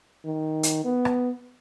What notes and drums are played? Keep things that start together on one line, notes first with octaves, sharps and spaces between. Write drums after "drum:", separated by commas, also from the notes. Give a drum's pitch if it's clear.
D#3
drum: hi-hat
B3
drum: rim click